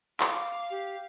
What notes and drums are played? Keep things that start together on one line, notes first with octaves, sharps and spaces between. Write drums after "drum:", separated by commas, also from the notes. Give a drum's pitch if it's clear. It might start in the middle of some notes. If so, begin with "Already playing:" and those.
F5 D6, drum: clap
G4